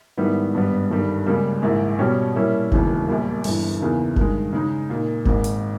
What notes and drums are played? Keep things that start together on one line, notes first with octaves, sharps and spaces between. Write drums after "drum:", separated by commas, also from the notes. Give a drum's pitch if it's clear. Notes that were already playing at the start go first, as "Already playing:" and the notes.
G#2 D#3 G3 B3 E4
G#1 G2 G3 B3
G1 G2 D#3 G3
C#2 C#3 G3 A#3
A#1 G#2 D#3 A#3 E4
B2 G3 C#4 G4 C#5
A#2 G3 A#3 C#4 E4
E1 D#2 C#3 E3, drum: kick F#1
A#1 A#2 G3 A#3
G1 G2 E3, drum: open hi-hat
E2 C#3 E3 A#3 D#4
G2 D#3 G#3, drum: kick F#1
C#3 G#3 D#4
A#2 A#3 D#4
G#1 G#2 D#3 A#3, drum: kick F#1
drum: hi-hat